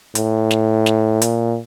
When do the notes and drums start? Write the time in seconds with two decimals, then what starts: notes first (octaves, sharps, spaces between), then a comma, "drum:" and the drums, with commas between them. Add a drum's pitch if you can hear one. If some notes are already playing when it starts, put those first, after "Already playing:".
0.15 A2, drum: hi-hat
0.51 drum: snare
0.86 drum: snare
1.22 A#2, drum: hi-hat